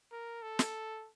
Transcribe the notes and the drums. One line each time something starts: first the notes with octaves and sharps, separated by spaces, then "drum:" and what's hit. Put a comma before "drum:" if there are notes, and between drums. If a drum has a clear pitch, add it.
A#4
A4
drum: snare